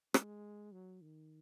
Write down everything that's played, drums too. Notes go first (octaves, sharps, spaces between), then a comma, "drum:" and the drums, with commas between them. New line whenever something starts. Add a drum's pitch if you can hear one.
G#3, drum: rim click
F#3
D#3